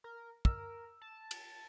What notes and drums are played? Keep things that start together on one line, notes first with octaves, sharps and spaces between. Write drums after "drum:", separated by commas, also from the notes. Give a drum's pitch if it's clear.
A#4
A#4 E6, drum: kick
A5
drum: cymbal